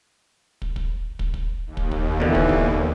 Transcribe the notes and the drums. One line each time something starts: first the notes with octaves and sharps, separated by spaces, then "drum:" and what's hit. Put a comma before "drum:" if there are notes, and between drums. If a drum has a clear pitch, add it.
drum: kick
drum: kick
drum: kick
drum: kick
D#2
drum: kick
drum: kick
B2 D3 E3
drum: kick
drum: kick